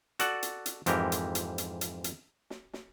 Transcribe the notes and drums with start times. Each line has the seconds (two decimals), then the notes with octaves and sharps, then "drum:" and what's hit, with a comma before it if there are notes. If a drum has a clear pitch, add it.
0.19 F#4 A4 D5 F#5, drum: hi-hat
0.43 drum: hi-hat
0.66 drum: hi-hat
0.86 F2 G#2 E3 G4 A#4, drum: hi-hat
1.12 drum: hi-hat
1.35 drum: hi-hat
1.58 drum: hi-hat
1.81 drum: hi-hat
2.04 drum: hi-hat
2.50 drum: snare
2.73 drum: snare